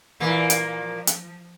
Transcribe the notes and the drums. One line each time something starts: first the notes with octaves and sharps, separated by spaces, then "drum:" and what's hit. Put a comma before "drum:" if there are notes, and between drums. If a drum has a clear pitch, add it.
A#2 E3 A#3
drum: hi-hat
F3
drum: hi-hat